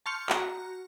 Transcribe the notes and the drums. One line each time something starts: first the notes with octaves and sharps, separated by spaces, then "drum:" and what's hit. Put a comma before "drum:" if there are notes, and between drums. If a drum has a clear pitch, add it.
A5 C6 C#6 F6 G6 C#7
F#4 A#5, drum: clap